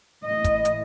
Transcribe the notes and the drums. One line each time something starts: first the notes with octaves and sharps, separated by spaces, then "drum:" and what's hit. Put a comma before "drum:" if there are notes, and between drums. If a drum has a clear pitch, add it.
A2 E3 A3 E4 D#5
drum: kick, hi-hat
drum: hi-hat